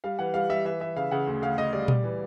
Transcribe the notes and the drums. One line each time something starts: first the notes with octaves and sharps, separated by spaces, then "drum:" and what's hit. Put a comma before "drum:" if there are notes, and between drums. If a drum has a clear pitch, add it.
G3 F5
E3 F#5
G3 F5
G3 E5
E3 E5
E3 E5
C#3 F5
C#3 F#5
D2
D2 F5
D2 D#5
G3 D5
G3, drum: tom A#2
E3